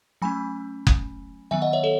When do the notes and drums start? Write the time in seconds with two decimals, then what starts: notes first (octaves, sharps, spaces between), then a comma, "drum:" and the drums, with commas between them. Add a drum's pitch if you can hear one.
0.22 F#3 A3 C#4 G#5 B5
0.87 drum: kick F#1
1.51 D#3 F#3 B3 E5 G#5
1.62 D#5 F#5
1.73 C#5 E5
1.83 A4 C#5